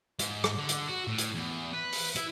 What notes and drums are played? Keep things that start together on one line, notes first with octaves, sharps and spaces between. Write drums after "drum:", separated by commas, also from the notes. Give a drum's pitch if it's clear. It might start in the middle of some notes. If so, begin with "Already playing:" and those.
G#2, drum: hi-hat
drum: rim click
D3
drum: hi-hat
F#4
A2
drum: hi-hat
E2
B4
drum: open hi-hat
E4, drum: hi-hat